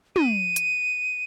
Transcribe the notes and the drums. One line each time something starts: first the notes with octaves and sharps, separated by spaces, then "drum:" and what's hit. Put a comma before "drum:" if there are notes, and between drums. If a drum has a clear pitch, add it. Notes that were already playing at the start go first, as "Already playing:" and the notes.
D#7, drum: tom
drum: hi-hat